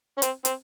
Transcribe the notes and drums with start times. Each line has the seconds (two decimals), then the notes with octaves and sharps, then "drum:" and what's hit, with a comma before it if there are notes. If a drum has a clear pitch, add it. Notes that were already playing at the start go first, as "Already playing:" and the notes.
0.18 C#4
0.22 C4, drum: hi-hat
0.45 C4, drum: hi-hat